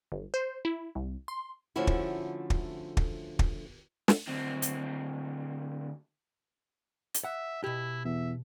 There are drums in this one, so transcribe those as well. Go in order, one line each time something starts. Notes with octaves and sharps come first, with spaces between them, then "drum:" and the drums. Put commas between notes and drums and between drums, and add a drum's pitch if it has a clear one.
G1
C5
E4
C2
C6
D3 F3 A3 C#4 E4 F#4
drum: kick
drum: kick
drum: kick
drum: kick
drum: snare
D2 C4
drum: hi-hat
drum: hi-hat
E5 F#5
B2 E4 G4
E2 E5